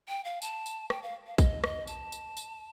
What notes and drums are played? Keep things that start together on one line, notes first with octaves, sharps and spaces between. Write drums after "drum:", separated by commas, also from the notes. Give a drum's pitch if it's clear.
G5
F5
A5, drum: tambourine
drum: tambourine
G5, drum: rim click
F5
F5
D#5, drum: kick, tambourine
D#5, drum: rim click
A5, drum: tambourine
drum: tambourine
drum: tambourine